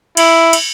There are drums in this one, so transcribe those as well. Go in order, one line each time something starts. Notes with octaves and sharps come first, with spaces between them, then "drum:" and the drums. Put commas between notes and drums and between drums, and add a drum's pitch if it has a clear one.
E4, drum: cymbal
drum: cymbal